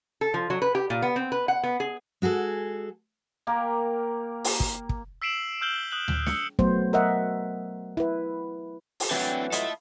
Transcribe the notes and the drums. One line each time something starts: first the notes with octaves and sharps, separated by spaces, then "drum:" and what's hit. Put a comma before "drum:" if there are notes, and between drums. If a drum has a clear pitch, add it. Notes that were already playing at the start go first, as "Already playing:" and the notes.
A4
F3
F#3
B4
G4
A#2
B3
C4
B4
F#5
B3
G#4
G#3 F#4 G#4 A4
A#3 G4 A#4
drum: open hi-hat
drum: kick
drum: kick
E6 B6 C7 D7 E7 F#7
E6 F6 G6 F#7 G7
D#6 F#6 F#7
drum: tom D2
E6 C#7, drum: snare
F#3 A3 B3 C5, drum: kick
A#4 D#5 E5 F#5
E4 B4
drum: open hi-hat
A2 E3 F#3 C4 D4 G4 G5
E4 F4 A4 D#5 E5, drum: hi-hat